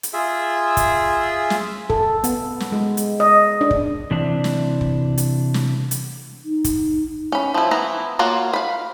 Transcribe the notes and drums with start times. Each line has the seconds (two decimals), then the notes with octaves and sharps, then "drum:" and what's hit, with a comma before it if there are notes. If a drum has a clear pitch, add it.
0.03 drum: hi-hat
0.13 F4 G#4 E5
0.77 drum: kick, hi-hat
1.50 drum: snare
1.90 A4, drum: kick
2.24 B3, drum: hi-hat
2.60 drum: snare
2.72 G#3
2.97 drum: hi-hat
3.20 D#5
3.61 D4
3.71 drum: kick
4.11 C3 E3 D4
4.44 drum: snare
4.81 drum: kick
5.18 drum: hi-hat
5.54 drum: snare
5.91 drum: hi-hat
6.44 D#4
6.64 drum: kick, hi-hat
7.32 C#4 B5
7.54 F3 E4
7.71 E3 B3 E4 A#5
8.19 A#3 F4 F#4 C#5 F5
8.53 F5 B5